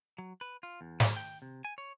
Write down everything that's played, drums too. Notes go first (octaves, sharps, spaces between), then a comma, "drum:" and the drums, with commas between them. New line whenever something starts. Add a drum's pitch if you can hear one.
F#3
B4
F4
E2
F#3, drum: snare
G5
C3
G#5
C#5